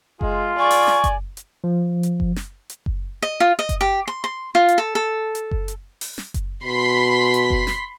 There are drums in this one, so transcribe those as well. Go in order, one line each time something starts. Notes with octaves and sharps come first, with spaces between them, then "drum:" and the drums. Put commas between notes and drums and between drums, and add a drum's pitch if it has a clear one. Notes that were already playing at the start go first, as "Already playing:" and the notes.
G#3 F4, drum: kick F#1
D5 G#5 C#6
drum: open hi-hat
drum: snare
drum: kick F#1, hi-hat
drum: hi-hat
F3
drum: hi-hat
drum: kick F#1
drum: snare
drum: hi-hat
drum: kick F#1
D#5
F4
D#5
drum: kick F#1, hi-hat
G4
C6
C6
F4
drum: hi-hat
A4
A4
drum: hi-hat
drum: kick F#1
drum: hi-hat
drum: open hi-hat
drum: snare
drum: kick F#1, hi-hat
B2 B5 C6 B6
drum: hi-hat
drum: kick F#1
drum: snare